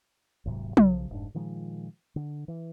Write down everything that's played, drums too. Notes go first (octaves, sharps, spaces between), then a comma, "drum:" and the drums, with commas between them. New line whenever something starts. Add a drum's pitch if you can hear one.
D#1 G#2 C3 F#3
B1 C#3 F#3, drum: tom
F1 G#2 D4
A#2 D#3 F3 G#3
D3
E3